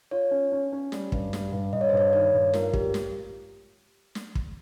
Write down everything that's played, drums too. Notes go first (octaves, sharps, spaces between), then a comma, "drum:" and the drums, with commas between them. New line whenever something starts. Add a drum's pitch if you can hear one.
F4 C#5
C#4
C#4
C#4
G3, drum: snare
G2, drum: kick
G3, drum: snare
G2
G2 D#5
C#5
C5
G2 C#5
D#3 C#5
G2
F4 A#4, drum: snare
G2 G4, drum: kick
drum: snare
drum: snare
drum: kick